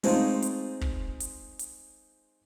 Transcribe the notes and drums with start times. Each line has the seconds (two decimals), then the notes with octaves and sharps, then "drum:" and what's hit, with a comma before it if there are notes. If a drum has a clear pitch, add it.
0.03 G#3 A3 C4 D#4 F4, drum: open hi-hat
0.42 drum: hi-hat
0.81 drum: kick
1.20 drum: hi-hat
1.59 drum: hi-hat